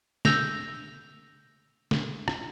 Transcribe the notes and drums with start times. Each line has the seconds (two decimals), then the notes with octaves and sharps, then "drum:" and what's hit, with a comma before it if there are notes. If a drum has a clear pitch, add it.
0.25 E6 G6 A#6 F7, drum: snare
1.91 drum: snare
2.28 drum: rim click